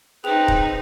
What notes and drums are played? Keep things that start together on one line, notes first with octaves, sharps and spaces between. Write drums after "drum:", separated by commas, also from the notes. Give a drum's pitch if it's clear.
C4 D#4 G#4 B4 G5 F7
drum: kick